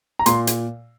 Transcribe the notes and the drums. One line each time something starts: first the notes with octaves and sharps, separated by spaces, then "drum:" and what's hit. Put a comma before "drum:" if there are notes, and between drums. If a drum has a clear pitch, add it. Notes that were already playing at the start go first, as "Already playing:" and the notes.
A#5
A#2 C6, drum: hi-hat
drum: hi-hat